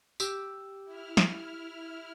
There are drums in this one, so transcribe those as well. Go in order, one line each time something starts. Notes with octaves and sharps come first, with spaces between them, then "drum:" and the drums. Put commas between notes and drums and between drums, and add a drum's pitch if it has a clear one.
G4 D6 E6, drum: tambourine
E4 F6
drum: snare